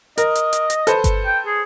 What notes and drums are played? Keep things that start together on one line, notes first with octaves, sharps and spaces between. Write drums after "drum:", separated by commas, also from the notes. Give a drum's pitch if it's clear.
A#4 D#5, drum: hi-hat
drum: hi-hat
drum: hi-hat
drum: hi-hat
A4 B4 C5, drum: hi-hat
drum: kick G1, hi-hat
G5
G#4